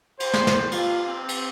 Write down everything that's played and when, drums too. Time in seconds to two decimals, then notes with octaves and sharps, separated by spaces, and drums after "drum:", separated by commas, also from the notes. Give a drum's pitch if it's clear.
0.20 C5, drum: cymbal
0.33 drum: snare
0.47 drum: snare
0.71 F4, drum: cymbal
1.08 C4
1.29 drum: cymbal